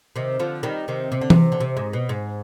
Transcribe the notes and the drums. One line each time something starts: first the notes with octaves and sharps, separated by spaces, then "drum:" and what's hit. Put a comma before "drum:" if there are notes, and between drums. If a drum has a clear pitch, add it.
C3 D#3
D3 F3
D#3 G3
C3 D#3
C3
D3
C3, drum: tom E3
D3
C3
G#2
B2
G#2